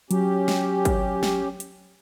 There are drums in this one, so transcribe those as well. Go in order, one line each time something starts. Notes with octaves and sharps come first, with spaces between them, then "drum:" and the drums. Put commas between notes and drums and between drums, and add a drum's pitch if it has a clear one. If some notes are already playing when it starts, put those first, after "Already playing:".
F#3 C#4 G4, drum: hi-hat
drum: snare
drum: kick, hi-hat
drum: snare
drum: hi-hat